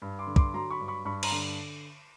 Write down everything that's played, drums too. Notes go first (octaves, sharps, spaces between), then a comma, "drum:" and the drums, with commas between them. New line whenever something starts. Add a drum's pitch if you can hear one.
G2
C6 D6
D3
C6 D6, drum: kick
F#3 A#5 C6
B5 C#6
G2
B5 C#6
G2 B5 C#6
A#5 C6, drum: cymbal
D3